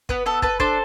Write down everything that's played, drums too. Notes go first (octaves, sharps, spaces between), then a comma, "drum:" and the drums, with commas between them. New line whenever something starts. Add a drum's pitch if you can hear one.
B3 B4, drum: kick
B3 A4
A4 B4, drum: kick
D4 A4 C5, drum: kick